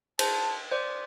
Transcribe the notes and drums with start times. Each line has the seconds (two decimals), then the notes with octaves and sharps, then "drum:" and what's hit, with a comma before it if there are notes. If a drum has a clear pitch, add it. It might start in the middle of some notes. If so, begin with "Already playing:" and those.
0.19 C5 A5, drum: cymbal
0.72 C5 D5